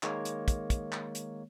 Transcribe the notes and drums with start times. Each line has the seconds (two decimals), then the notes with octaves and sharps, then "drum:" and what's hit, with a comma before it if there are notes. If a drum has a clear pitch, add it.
0.03 D#3 G#3 A#3 C#5, drum: clap
0.25 drum: hi-hat
0.48 drum: kick, hi-hat
0.70 drum: kick, hi-hat
0.92 drum: clap
1.15 drum: hi-hat